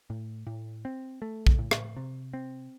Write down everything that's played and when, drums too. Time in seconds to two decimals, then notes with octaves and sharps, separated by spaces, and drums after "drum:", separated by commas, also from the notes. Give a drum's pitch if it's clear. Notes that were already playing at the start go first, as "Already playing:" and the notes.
0.10 A2
0.47 A2
0.85 C4
1.22 A3
1.47 drum: kick
1.59 A2
1.71 drum: rim click
1.96 C3
2.33 C4